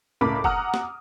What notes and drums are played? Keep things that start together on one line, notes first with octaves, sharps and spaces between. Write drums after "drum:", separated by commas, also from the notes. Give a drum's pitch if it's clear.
C#2 A2 A#4 B5 D6
F#5 A#5 D#6 F6, drum: kick
drum: snare